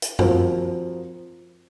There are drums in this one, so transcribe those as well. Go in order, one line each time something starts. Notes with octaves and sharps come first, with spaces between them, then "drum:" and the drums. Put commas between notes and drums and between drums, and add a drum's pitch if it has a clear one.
drum: hi-hat
F3 C4 F#4 A#4, drum: tom F#2